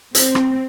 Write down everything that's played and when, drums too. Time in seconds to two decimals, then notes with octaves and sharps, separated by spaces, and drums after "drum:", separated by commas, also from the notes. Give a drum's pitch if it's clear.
0.15 C4, drum: hi-hat
0.35 drum: rim click